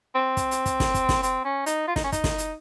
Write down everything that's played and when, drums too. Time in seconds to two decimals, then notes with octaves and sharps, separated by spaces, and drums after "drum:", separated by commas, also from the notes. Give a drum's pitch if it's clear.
0.15 C4
0.37 drum: kick, hi-hat
0.51 drum: hi-hat
0.66 drum: kick, hi-hat
0.80 drum: snare
0.94 drum: kick, hi-hat
1.09 drum: snare
1.23 C4, drum: hi-hat
1.45 C#4
1.66 D#4, drum: hi-hat
1.88 F4
1.96 D#4, drum: snare
2.04 C#4
2.12 D#4, drum: kick, hi-hat
2.24 drum: snare
2.38 drum: hi-hat